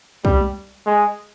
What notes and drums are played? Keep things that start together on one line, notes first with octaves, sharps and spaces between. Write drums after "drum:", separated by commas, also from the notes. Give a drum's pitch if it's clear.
G3, drum: kick
drum: tom G3
G#3